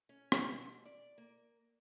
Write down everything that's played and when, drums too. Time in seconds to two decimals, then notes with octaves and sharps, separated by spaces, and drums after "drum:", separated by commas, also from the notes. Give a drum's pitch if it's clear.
0.09 C#4
0.32 B2, drum: rim click
0.85 D5
1.18 A#3